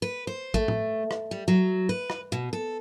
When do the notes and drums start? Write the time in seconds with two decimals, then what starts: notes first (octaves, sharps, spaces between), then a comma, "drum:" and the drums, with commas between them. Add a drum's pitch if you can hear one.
0.02 B4
0.27 C5
0.54 A3, drum: kick A1
0.68 drum: tom A2
1.11 drum: rim click
1.31 G3
1.48 F#3
1.89 B4
2.10 drum: rim click
2.32 B2
2.53 A4